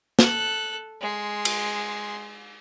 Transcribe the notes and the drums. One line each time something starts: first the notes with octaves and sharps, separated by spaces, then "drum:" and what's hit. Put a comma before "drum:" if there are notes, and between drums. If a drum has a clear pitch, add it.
A4 F#6, drum: snare
G#3 C6
drum: cymbal